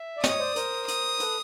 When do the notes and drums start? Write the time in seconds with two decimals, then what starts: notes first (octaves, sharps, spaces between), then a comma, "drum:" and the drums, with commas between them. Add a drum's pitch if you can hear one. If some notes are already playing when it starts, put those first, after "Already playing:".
Already playing: E5
0.17 D5
0.24 C#5 D#5 D#6, drum: snare
0.40 C5 D5
0.56 A#4 C5, drum: hi-hat
0.88 D#6, drum: hi-hat
1.20 A4 B4, drum: hi-hat